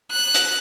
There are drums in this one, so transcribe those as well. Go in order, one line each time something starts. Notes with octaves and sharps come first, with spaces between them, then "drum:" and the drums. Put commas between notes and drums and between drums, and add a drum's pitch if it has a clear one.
F#6
drum: hi-hat